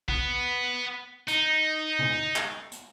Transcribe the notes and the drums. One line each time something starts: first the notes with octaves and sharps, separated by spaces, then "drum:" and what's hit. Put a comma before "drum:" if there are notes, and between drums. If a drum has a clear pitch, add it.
B3, drum: kick A#1
D#4, drum: hi-hat
drum: tom C3
drum: clap
drum: hi-hat